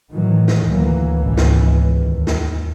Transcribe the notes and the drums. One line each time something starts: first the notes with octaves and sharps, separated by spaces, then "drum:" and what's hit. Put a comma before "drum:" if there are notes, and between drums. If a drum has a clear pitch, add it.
A2 D#3 E3 F#3
drum: snare
D2 E3 F#3 A#3
G#1 C#2 B2 E3
drum: snare
D#2
drum: snare